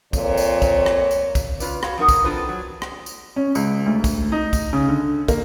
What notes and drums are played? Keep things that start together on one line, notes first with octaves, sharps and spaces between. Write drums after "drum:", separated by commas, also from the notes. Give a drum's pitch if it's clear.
F2 A#2 C#5, drum: kick, tambourine
drum: tambourine
drum: kick, tambourine
drum: rim click
drum: tambourine
drum: kick, tambourine
C#3 F4 B4 D5, drum: tambourine
F#4 C#5 F5, drum: rim click
F3 C4 D#4 A#4 F#5
drum: kick, tambourine
C4 D4 F4 A4 B4 C5
F#3
drum: rim click
drum: tambourine
C#4
C#2, drum: tambourine
D2
drum: kick, tambourine
D#4
drum: kick, tambourine
C#3
D3
A#3, drum: kick, tambourine